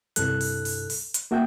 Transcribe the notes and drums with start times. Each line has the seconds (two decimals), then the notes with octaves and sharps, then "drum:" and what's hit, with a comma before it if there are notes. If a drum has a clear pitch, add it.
0.16 C2 G2 A4 F#6, drum: hi-hat
0.41 drum: open hi-hat
0.65 drum: open hi-hat
0.90 drum: open hi-hat
1.14 drum: hi-hat
1.31 A#3 F#4 E5 G5 G6